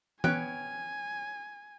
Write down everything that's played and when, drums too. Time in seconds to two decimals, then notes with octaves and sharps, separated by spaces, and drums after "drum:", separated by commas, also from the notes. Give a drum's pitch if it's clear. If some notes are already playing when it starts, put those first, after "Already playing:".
0.24 B3 C#4 C#5 G5 G#5 F#6, drum: tom